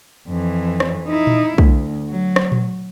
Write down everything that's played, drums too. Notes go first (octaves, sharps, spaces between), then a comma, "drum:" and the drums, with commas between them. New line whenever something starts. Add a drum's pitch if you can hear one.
F2 E3
drum: rim click
D#4 E4
drum: tom A#2
D2, drum: kick
F#3
drum: rim click
drum: tom A#2